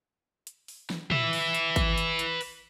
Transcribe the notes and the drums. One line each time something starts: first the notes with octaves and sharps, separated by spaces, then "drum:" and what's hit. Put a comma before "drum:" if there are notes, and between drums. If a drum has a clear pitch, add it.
drum: hi-hat
drum: open hi-hat
drum: snare
B4 E5, drum: tom
drum: open hi-hat
drum: hi-hat
drum: kick G#1, hi-hat
drum: hi-hat
drum: hi-hat
drum: open hi-hat